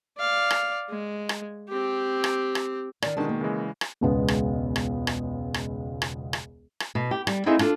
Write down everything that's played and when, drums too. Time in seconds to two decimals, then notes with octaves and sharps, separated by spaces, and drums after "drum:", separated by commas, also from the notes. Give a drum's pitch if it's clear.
0.18 D5 F5
0.50 drum: rim click
0.89 G#3
1.29 drum: rim click
1.69 C4 G4
2.24 drum: rim click
2.55 drum: rim click
3.02 D#3 D5, drum: rim click
3.17 B2 D3 D#3 G#3 D4 A5
3.29 A#3
3.41 C#3 E3 G#3
3.81 drum: rim click
4.01 E1 C#2 G#3 B3
4.28 drum: rim click
4.76 drum: rim click
5.07 drum: rim click
5.54 drum: rim click
6.02 drum: rim click
6.33 drum: rim click
6.80 drum: rim click
6.95 B2
7.11 G4
7.27 G3, drum: rim click
7.46 A#3 C4 D#4 E4 G#4 E5
7.59 D4 F4 A4, drum: rim click